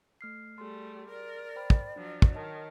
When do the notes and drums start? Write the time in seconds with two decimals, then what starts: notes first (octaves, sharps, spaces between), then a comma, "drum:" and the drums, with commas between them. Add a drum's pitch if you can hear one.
0.21 A3 F6 C7
0.58 G3 A3 G#4 C6
1.10 A#4 D5
1.56 C5 G5 B5
1.70 drum: kick
1.96 F3 F#3 D4
2.22 drum: kick
2.32 D#3 C#5 D#5 A5